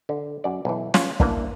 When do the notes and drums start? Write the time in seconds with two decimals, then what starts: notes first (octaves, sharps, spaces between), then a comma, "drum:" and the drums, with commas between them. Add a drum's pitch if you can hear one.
0.09 D3
0.44 F#2 D5
0.65 B1 E3
0.94 C#4 F4, drum: snare
1.20 E3 A#3 D4, drum: kick